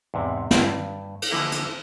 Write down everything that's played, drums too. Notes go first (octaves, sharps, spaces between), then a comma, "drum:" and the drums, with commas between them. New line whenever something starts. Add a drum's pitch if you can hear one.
E2 G#2 C3
G2, drum: snare
drum: cymbal
D3 E3 F3 A#3 D#4 E4
drum: hi-hat